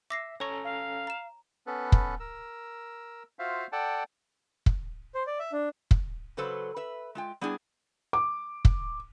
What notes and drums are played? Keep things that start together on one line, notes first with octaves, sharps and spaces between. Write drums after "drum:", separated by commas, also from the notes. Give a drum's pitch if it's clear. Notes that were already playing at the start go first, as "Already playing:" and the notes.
E5 D6 A#6 C7
C#4 A4 C#5 A#5 C#6
F5
A#5 E7
B3 C#4 A4 B4
drum: kick
A#4 E6
F4 F#4 C5 E5 F5
A4 D5 F#5 G5 A5
drum: kick
C5
D5
E5
D4
drum: kick
C#3 F#3 A4 B4 C5
B4 E5
G#3 F4 G5
G3 B3 D4 E4 G#4
D6
drum: kick